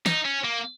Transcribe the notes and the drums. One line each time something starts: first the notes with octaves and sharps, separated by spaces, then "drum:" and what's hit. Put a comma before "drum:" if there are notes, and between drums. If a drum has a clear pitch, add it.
D#4, drum: snare
C#4
A#3